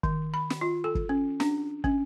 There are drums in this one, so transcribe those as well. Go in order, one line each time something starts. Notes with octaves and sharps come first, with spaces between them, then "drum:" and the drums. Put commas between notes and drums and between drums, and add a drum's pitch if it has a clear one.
D#3, drum: kick
B5
drum: snare
F4
A4
drum: kick
C#4
D4, drum: snare
C#4, drum: kick